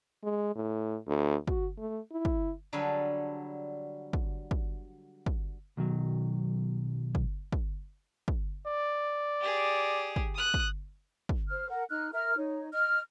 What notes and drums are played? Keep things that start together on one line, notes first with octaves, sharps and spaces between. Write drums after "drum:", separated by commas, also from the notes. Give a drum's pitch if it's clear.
G#3
A2
D2
F#4, drum: kick
A3
E4
drum: kick
D3 F#3 G3 G#4 A4 B4
drum: kick
drum: kick
drum: kick
B1 D#3 F#3
drum: kick
drum: kick
drum: kick
D5
G4 G#4
drum: kick
D#6 F#6
drum: kick
drum: kick
C5 F6
A#4 F#5
D#4 F6 F#6
A#4 E5 F6
D#4 C#5
D#5 F6